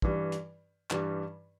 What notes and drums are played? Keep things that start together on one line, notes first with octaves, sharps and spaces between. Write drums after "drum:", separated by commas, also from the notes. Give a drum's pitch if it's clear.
G2 E3 G3, drum: kick
drum: hi-hat
G2 E3 G3, drum: clap